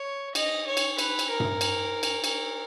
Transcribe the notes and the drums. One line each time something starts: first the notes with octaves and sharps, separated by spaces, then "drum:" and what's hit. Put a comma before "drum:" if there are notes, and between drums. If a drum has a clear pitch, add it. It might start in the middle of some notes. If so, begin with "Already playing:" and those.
Already playing: C#5
D#5, drum: cymbal
C#5
drum: cymbal
B4, drum: cymbal
drum: cymbal
A#4
drum: tom G2
drum: cymbal
drum: cymbal
A#4, drum: cymbal